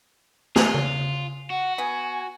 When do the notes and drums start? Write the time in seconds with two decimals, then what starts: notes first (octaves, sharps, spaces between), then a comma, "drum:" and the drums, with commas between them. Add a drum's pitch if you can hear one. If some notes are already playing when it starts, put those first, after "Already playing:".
0.56 F4 G#4, drum: snare
0.74 drum: tom C#3
1.50 F#4 F#5
1.78 B3 G#5